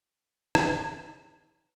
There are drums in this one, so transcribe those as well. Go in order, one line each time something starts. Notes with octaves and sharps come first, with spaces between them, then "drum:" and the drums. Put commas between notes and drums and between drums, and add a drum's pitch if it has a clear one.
C#5 A5 A#5, drum: rim click